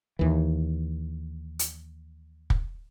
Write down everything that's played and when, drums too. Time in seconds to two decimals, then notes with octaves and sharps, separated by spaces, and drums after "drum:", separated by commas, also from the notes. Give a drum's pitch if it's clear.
0.19 D#2 E3
1.59 drum: hi-hat
2.50 drum: kick